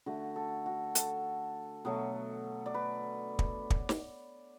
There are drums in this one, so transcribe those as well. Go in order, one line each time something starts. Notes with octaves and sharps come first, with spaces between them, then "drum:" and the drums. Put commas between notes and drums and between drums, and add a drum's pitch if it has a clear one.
D3 A3 F#4
A4
F#4
A4, drum: hi-hat
B2 F#3 A3
D5
B4
drum: kick
drum: kick
drum: snare